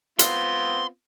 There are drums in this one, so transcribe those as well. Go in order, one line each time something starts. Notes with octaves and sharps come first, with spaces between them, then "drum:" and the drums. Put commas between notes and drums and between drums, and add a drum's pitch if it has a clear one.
B3 C4 F4 C6, drum: hi-hat